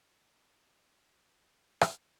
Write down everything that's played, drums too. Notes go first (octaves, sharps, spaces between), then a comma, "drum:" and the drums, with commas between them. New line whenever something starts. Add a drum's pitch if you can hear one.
G5 G#5 D#6 E6 G#6 A6
A#3 F#4 A4 C#5 D5
G#4 D5 D#5 F5
F#4 F5 G5 B5
drum: rim click
D#3 C#4 F4